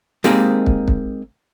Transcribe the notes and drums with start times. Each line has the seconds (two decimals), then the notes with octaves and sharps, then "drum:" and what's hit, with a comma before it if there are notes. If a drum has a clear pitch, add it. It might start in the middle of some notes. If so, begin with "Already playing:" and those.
0.24 G#3 A#3 C4 D#4 G4 G#4, drum: snare
0.66 drum: kick
0.88 drum: kick